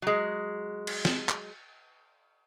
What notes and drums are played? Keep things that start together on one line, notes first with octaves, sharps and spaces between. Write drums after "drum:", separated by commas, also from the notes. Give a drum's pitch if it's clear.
F#3 G#3
drum: cymbal
drum: snare
drum: clap